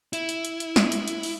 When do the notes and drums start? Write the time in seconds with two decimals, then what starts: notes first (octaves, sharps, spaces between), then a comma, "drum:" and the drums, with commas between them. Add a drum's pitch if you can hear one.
0.13 E4, drum: hi-hat
0.29 drum: hi-hat
0.45 drum: hi-hat
0.60 drum: hi-hat
0.76 drum: snare
0.92 drum: hi-hat
1.08 drum: hi-hat
1.23 drum: open hi-hat